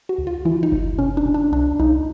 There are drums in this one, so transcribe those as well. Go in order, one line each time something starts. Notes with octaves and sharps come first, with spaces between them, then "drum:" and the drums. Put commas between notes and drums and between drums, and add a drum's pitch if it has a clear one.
F#4
D2
F4
E3 E4
D#4
D2, drum: kick F#1
B2 C#4
D4
B2
D4
C2 D4
C2 D#4